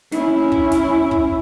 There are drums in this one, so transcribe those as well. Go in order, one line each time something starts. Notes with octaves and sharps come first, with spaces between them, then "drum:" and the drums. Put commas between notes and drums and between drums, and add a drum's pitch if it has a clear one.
C#4 E4, drum: snare
drum: kick
drum: snare
drum: kick